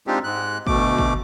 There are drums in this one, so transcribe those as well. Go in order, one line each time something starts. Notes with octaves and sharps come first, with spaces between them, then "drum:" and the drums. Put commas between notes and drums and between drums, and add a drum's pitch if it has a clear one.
G#3 C4 D4 D#4 F4 G4
G#2 G#3 F#6
D2 B2 A3 D6, drum: kick
drum: kick